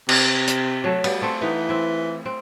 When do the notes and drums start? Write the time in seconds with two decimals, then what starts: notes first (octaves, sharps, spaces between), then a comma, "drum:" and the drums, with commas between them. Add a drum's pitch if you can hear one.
0.09 C3, drum: cymbal
0.47 drum: hi-hat
0.84 F#3 A3
1.04 G3 B3, drum: cymbal
1.22 A3 C4
1.42 E3 B3 D#4
1.69 C4 E4
2.26 C4